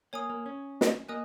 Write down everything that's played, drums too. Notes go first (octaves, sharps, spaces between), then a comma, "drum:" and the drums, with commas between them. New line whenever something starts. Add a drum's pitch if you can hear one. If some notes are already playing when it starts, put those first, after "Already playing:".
A#3 C#5 G#5 D#6
A#3
C#4
drum: snare
A#3 D#5 G#5 D#6 F#6